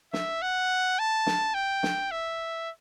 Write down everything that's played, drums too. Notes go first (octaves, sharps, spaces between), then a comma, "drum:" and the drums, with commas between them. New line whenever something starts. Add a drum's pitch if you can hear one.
E5, drum: snare
F#5
A5
drum: snare
G5
drum: snare
E5